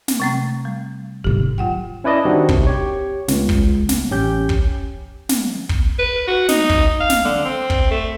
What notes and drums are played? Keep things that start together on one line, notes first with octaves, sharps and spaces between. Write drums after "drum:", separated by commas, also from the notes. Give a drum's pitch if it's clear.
drum: snare
C3 A3 C4
G3
G#2 C3 G4
F#3 F4 F#5 G5
C#4 E4 B4 D5 D#5 A5
D#3 G3 C4 D4 D#4 F#4
C3, drum: kick
G4 C#5
C#2, drum: snare
drum: kick
drum: snare
A1 C#4 G4 G6
drum: kick
drum: snare
drum: kick
B4
F#4
D#4, drum: snare
drum: kick
F5
drum: snare
D3
C4
drum: kick
A3